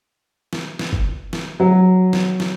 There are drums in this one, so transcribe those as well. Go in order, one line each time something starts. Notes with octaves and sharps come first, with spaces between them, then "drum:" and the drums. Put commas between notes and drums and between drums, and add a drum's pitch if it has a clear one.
drum: snare
drum: snare
drum: kick F#1
drum: snare
F#3
drum: snare
drum: snare